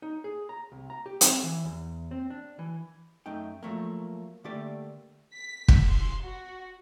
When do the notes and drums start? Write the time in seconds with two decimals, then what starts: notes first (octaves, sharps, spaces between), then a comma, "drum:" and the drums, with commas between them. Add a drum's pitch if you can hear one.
0.02 D#4
0.24 G#4
0.49 A#5
0.72 C2
0.90 A#5
1.06 G4
1.21 C4, drum: hi-hat
1.43 E3
1.64 E2
2.11 C4
2.30 D4
2.59 E3
3.26 F#2 A3 D#4 G5
3.63 F3 F#3 A3 A#3
4.44 D3 A3 A#3 G4 D5
5.35 B6
5.68 drum: kick
5.88 C6
6.23 F#4